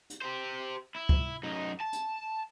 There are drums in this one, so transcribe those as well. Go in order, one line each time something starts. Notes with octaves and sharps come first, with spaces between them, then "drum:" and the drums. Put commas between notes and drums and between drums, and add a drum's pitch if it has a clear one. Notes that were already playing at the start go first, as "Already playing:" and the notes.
drum: hi-hat
G4 C5
E4
drum: kick
F#2 D#4
A5
drum: hi-hat